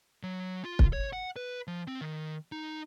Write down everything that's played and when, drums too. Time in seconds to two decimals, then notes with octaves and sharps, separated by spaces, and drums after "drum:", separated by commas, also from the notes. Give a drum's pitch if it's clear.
0.23 F#3
0.64 F4
0.79 drum: kick
0.93 C#5
1.13 F#5
1.36 B4
1.67 F3
1.87 C4
2.01 D#3
2.52 D#4